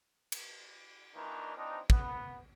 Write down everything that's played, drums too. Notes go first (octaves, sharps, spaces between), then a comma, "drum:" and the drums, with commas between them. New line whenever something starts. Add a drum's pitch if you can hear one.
drum: cymbal
A#2 D#3 E3 A#3 D4 D#4
E3 F3 C4 D4 D#4
B3, drum: kick